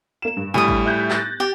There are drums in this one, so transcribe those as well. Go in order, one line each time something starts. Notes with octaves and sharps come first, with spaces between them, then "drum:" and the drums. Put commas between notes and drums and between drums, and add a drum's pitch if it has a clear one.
A#3 E7
G2
A2 G3 G#5 D#6, drum: tom
drum: kick G#1
E5 F#6 G6
F#6 A6 A#6, drum: clap
G4